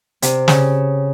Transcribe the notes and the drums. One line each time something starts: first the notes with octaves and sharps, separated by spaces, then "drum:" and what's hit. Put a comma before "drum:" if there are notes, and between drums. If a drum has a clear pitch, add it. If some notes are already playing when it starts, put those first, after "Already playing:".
C3, drum: hi-hat
C#3, drum: snare